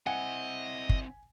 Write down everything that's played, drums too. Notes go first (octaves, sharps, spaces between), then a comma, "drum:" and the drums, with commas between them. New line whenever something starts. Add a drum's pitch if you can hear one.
C4 E4 D#5 F#5 G#5
drum: kick